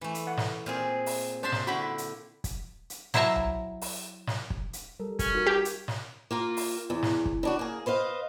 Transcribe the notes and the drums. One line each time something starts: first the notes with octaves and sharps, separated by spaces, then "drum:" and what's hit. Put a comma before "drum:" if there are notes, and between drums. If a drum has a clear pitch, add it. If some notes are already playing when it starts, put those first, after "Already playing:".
E3 A3
drum: hi-hat
F#5
drum: snare
A#2 C4 G#4
drum: open hi-hat
D4 C5 E5 A5 C6
drum: snare
D3 E4 F#4 G5 B5
drum: hi-hat
drum: kick, hi-hat
drum: hi-hat
F#3 E4 C5 E5 A5 A#5, drum: snare
drum: tom C2
drum: open hi-hat
drum: snare
drum: kick
drum: hi-hat
G3 A4 A#4
C#4, drum: kick, hi-hat
D#4 F#4 A#4
G4
drum: hi-hat
drum: snare
A#3 F4 A#4
drum: open hi-hat
E2
drum: snare
drum: kick
C#3 D4 F#4
A#3 G#4
B4 C5 D#5 F5